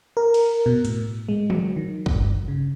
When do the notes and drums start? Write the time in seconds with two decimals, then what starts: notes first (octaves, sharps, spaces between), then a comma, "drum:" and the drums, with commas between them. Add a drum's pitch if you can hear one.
0.17 A#4
0.34 drum: cymbal
0.66 B2
0.85 A2, drum: hi-hat
1.29 G#3
1.50 F#3, drum: tom
1.77 D#3
2.06 G2, drum: kick
2.48 C#3